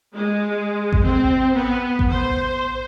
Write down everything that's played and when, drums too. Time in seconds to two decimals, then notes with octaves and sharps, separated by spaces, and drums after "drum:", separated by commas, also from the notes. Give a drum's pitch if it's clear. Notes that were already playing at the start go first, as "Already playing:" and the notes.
0.13 G#3
0.93 drum: kick A1
1.02 C4
1.53 B3
1.99 drum: kick A1
2.09 C5